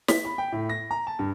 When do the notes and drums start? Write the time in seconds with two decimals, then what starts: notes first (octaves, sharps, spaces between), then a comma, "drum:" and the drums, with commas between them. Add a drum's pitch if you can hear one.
0.08 B6, drum: snare
0.25 B5
0.38 G5
0.52 A2
0.69 A#6
0.91 A#5
1.07 A5
1.19 G2